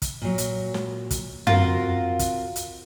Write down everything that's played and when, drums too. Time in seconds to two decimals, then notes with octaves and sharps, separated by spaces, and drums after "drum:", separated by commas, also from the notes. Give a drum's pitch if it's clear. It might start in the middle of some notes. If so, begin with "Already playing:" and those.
0.02 drum: kick, hi-hat
0.22 A#2 F#3
0.38 drum: hi-hat
0.74 drum: snare
1.11 drum: kick, hi-hat
1.47 C4 F4 F#4 A#4, drum: tom
2.19 drum: kick, hi-hat
2.56 drum: hi-hat